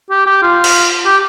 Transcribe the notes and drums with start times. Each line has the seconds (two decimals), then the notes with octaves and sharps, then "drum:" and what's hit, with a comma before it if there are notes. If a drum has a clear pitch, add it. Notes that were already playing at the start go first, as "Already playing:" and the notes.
0.10 G4
0.26 G4
0.42 F4
0.64 drum: cymbal
1.06 G4